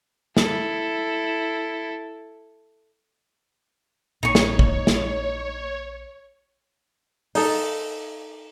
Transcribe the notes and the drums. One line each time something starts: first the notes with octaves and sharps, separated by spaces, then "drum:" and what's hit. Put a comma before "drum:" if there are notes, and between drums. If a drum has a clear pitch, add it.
E4 A4, drum: snare
A#1 A#2 D#4 C#5 C#6
drum: snare
drum: kick
drum: snare
D#4 A4, drum: open hi-hat